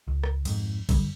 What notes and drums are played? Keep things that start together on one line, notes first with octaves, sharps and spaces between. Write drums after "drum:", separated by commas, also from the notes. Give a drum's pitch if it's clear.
C#2
drum: rim click
F2 G#2, drum: cymbal
F#2 D3 G3, drum: kick, cymbal